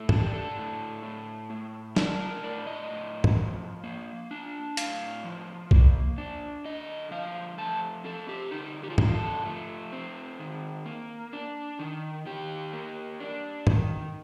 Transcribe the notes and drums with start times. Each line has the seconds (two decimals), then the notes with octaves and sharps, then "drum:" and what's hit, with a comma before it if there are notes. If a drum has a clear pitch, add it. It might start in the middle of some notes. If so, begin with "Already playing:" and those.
Already playing: A2 A3
0.09 D4 A4, drum: tom G#2
0.22 G4
0.34 A4
0.57 A2
1.03 A2
1.50 A3
1.96 D4 A#4, drum: snare
2.20 A#4
2.43 A2 D5
2.67 D#5
2.90 A2
3.24 drum: tom G#2
3.37 F3
3.84 A#3
4.31 D4
4.77 A2 F5, drum: hi-hat
5.24 F3
5.71 A#3, drum: kick B1
6.18 D4
6.65 D3 D#5
7.11 F3 F5
7.58 A3 A5
8.05 C4 A4
8.29 G4
8.51 D3 D#4
8.83 G4
8.90 F4
8.98 F3 D#4, drum: tom G#2
9.05 F4
9.14 A4
9.45 A3
9.92 C4
10.39 D#3
10.86 A#3
11.33 D4
11.79 D#3
12.26 D#3 G4
12.73 A#3
13.20 D4
13.67 D#3, drum: tom G#2